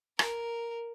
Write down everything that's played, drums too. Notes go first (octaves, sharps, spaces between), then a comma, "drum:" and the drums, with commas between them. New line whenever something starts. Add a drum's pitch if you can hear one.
A#4, drum: rim click